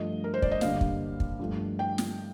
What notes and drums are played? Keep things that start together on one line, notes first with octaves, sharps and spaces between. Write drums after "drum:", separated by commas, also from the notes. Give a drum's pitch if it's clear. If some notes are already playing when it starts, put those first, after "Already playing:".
Already playing: G2 F3 A3 D#5
A#4
C5
D5, drum: kick
D#5
G2 D3 G3 A#3 F5, drum: snare
drum: kick
drum: kick
G2 F3 A3
G5
drum: snare